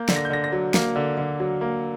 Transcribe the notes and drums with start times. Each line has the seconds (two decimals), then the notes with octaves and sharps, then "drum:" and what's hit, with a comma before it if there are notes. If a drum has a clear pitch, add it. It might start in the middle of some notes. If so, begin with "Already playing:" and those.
Already playing: A#3 G6
0.09 D3, drum: snare
0.16 A#6
0.25 G6
0.30 D3 A#6
0.44 A#6
0.52 F#3
0.74 A#3, drum: snare
0.96 D3
1.17 D3
1.40 F#3
1.61 A#3